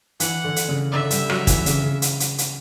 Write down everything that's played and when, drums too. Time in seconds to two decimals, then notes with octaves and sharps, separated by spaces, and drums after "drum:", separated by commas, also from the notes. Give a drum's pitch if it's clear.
0.20 E3 F#5, drum: hi-hat
0.44 D3
0.56 drum: hi-hat
0.69 C#3
0.92 D3 E5
1.10 G3, drum: hi-hat
1.30 F#3, drum: rim click
1.47 E3, drum: kick, hi-hat
1.66 C#3, drum: hi-hat
1.84 C#3
2.02 drum: hi-hat
2.20 drum: hi-hat
2.38 drum: hi-hat